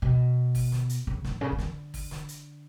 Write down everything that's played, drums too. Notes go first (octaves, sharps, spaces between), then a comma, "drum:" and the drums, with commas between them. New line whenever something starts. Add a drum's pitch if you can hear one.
B2
drum: kick, open hi-hat
drum: snare
drum: hi-hat
C#3
A2, drum: snare
C#3
C#3
D3, drum: snare
drum: kick, open hi-hat
drum: snare
drum: hi-hat